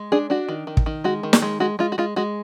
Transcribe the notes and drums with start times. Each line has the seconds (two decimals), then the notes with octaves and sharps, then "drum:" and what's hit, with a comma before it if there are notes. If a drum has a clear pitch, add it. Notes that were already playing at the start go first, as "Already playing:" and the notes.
Already playing: G#3
0.12 D4 G#4
0.30 D4 F#4
0.48 D#3
0.67 D#3
0.77 drum: kick
0.86 D#3
1.04 G#3 F#4
1.23 D#3
1.33 drum: snare
1.42 G#3
1.60 G#3 F#4
1.79 G#3 F4
1.92 F#4
1.98 G#3 F4
2.16 G#3 F#4